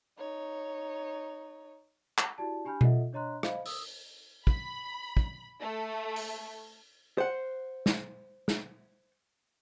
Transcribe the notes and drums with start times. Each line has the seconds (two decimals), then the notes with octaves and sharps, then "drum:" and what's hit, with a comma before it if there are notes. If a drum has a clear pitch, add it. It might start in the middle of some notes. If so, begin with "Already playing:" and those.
0.18 D#4 C#5
2.18 drum: clap
2.38 E4 F#4 G4 D5 A5
2.65 D4 G4 G#5 B5 F6 G6
2.81 F4 A4 D#5 E5 F#5, drum: tom B2
3.13 D4 C#5 D#5 A#5 C6 F#6
3.43 C5 D#5 F5 B5, drum: rim click
3.66 D#6 E6, drum: open hi-hat
4.47 B5, drum: kick
5.17 drum: kick
5.62 A3
6.16 drum: open hi-hat
7.18 C5 F#5
7.86 drum: snare
8.48 drum: snare